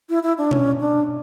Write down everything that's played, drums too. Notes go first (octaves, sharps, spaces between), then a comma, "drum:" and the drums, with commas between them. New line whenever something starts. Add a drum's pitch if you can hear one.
E4
E4
D4
C#4, drum: tom B2
D4